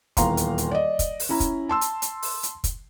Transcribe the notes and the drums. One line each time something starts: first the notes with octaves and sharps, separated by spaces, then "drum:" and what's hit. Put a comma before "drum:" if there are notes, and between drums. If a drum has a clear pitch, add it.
D#1 E2 F5 A#5 C6, drum: kick, hi-hat
drum: hi-hat
drum: hi-hat
D5 D#5
drum: kick, hi-hat
drum: open hi-hat
C#4 E4 A#5
drum: kick, hi-hat
A5 C6 E6
drum: hi-hat
drum: hi-hat
drum: open hi-hat
drum: hi-hat
drum: kick, hi-hat